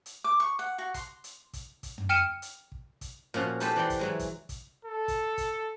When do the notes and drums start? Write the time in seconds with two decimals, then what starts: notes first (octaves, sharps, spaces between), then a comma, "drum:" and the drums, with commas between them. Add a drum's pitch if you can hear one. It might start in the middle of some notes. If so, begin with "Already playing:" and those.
0.06 drum: hi-hat
0.24 D6
0.40 C#6
0.59 F#5
0.78 F#4
0.94 C6, drum: kick, hi-hat
1.24 drum: hi-hat
1.53 drum: kick, hi-hat
1.83 drum: kick, hi-hat
1.98 drum: tom
2.09 G5 F6 C#7 D#7 E7
2.42 drum: hi-hat
2.72 drum: kick
3.01 drum: kick, hi-hat
3.34 A#2 F3 C#4 F#4
3.60 D#4 E4 G4 A4 B4 C5, drum: hi-hat
3.76 E3 G4 D5 F#5 G5 C6
3.90 drum: kick, hi-hat
3.99 E3 F#3 G#3
4.19 drum: kick, hi-hat
4.49 drum: kick, hi-hat
4.85 A4
5.08 drum: kick, hi-hat
5.38 drum: kick, hi-hat